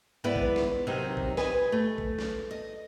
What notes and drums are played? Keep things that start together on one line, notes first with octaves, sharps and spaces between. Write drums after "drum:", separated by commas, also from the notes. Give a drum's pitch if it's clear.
G#2 D#3 B3 E4 B4 D5
drum: kick A1
drum: snare
C3 F#3 C4 D#4 A#4
drum: kick A1
B4 D#5 G#5, drum: snare
A3
drum: kick A1
drum: snare
D#5